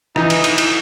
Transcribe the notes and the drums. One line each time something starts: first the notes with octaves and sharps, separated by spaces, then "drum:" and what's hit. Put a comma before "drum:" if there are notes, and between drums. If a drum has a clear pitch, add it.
E3 D#4, drum: rim click
drum: cymbal
drum: cymbal
drum: cymbal